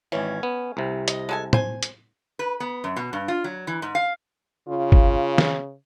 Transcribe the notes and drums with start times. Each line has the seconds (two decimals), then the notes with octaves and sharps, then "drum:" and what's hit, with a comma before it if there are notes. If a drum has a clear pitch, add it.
0.12 G#1 E3 C#4
0.43 B3
0.77 C2 C3
1.08 D#5, drum: hi-hat
1.29 G#3 A4 G#5
1.53 C5 G#5, drum: tom
1.83 drum: hi-hat
2.39 B4
2.60 B3
2.84 F#2
2.96 B2
3.13 G2
3.28 F4
3.44 F#3
3.67 E3
3.82 G#2
3.95 F5
4.68 C#3 F4
4.92 drum: kick
5.38 drum: snare